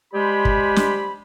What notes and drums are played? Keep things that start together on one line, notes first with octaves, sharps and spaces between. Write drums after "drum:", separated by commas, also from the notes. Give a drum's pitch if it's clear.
G3 G#3 G4 C5 G#5 B5
drum: kick
drum: snare